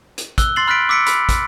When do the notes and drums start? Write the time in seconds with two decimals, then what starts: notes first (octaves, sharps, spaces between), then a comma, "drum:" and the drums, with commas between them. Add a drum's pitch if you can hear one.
0.18 drum: hi-hat
0.38 E6 F#6 G7, drum: kick, hi-hat
0.56 C6 A6 C7 F#7
0.67 B5 F6 F#6 A6 B6 D7
0.89 D6 E6 B6 C#7 D7
1.07 B5 B6, drum: hi-hat
1.29 drum: kick, hi-hat